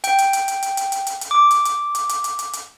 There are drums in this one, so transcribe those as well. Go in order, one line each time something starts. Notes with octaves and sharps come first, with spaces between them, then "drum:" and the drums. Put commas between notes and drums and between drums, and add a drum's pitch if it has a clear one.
G5, drum: hi-hat
drum: hi-hat
drum: hi-hat
drum: hi-hat
drum: hi-hat
drum: hi-hat
drum: hi-hat
drum: hi-hat
drum: hi-hat
D6
drum: hi-hat
drum: hi-hat
drum: hi-hat
drum: hi-hat
drum: hi-hat
drum: hi-hat
drum: hi-hat